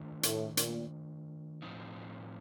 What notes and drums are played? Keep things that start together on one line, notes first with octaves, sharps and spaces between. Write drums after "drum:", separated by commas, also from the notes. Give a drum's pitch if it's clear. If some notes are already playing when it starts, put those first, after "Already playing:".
Already playing: D#3 A3 D4 F4
A2, drum: hi-hat
A#2, drum: hi-hat
A2 F3 C4 D#4